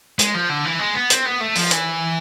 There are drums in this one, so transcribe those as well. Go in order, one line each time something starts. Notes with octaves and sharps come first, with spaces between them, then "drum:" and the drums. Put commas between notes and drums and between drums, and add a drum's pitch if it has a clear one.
G#3, drum: hi-hat
F3
D3
E3
G#3
B3
C4, drum: hi-hat
B3
A3
F3, drum: open hi-hat
E3, drum: hi-hat